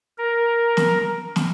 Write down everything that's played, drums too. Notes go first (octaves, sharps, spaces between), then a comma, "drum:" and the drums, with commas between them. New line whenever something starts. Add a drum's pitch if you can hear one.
A#4
drum: snare
drum: snare